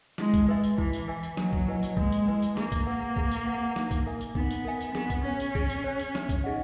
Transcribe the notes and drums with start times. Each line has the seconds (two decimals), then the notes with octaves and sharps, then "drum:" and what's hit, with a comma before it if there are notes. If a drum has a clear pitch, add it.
0.18 G#3 E4, drum: snare
0.34 drum: kick B1, tambourine
0.48 G#3 B4 E5 G#5
0.63 drum: tambourine
0.78 E3 E4, drum: kick B1
0.93 drum: tambourine
1.08 B4 E5 G#5
1.23 drum: tambourine
1.37 F#3 A#3, drum: snare
1.53 drum: kick B1
1.68 E4 B4 D#5 G#5
1.83 drum: tambourine
1.97 G#3 A#3, drum: kick B1
2.12 drum: tambourine
2.27 E4 B4 D#5 G#5
2.42 drum: tambourine
2.57 A#3 G#4, drum: snare
2.72 drum: kick B1, tambourine
2.87 B4 F#5
3.16 G#4, drum: kick B1
3.31 drum: tambourine
3.46 B4 F#5
3.76 D#4, drum: snare
3.91 drum: kick B1, tambourine
4.06 A#4 E5 G#5
4.21 drum: tambourine
4.35 B3 D#4, drum: kick B1
4.51 drum: tambourine
4.65 A#4 E5 G#5
4.80 drum: tambourine
4.95 B3 G#4, drum: snare
5.10 drum: kick B1, tambourine
5.24 C#4 C#5 G#5
5.40 drum: tambourine
5.55 G#4, drum: kick B1
5.70 drum: tambourine
5.84 C#5 G#5
5.99 drum: tambourine
6.15 B3, drum: snare
6.29 drum: kick B1, tambourine
6.44 D#4 G#4 D#5 F#5